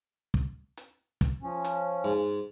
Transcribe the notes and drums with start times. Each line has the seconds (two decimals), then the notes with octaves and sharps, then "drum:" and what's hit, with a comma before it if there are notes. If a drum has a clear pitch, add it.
0.34 drum: kick
0.77 drum: hi-hat
1.21 drum: kick, hi-hat
1.43 F3 C#4
1.65 drum: hi-hat
2.04 G#2